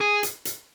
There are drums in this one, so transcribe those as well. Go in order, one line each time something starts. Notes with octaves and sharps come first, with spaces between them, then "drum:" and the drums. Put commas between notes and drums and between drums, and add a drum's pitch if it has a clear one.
G#4
drum: hi-hat
drum: hi-hat